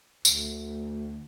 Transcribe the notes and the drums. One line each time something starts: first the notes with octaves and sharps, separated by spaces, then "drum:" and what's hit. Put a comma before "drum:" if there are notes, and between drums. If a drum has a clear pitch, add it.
D2, drum: tambourine